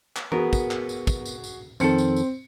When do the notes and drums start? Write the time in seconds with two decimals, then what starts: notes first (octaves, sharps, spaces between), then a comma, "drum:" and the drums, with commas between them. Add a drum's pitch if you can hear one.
0.16 drum: clap
0.32 B3 F#4 G#4 A#4, drum: tom E3
0.53 drum: kick, tambourine
0.71 drum: clap
0.89 drum: tambourine
1.07 drum: kick, tambourine
1.25 drum: tambourine
1.44 drum: tambourine
1.80 F2 D#3 C4 A4 C#7, drum: tambourine
1.98 drum: tambourine
2.16 drum: tambourine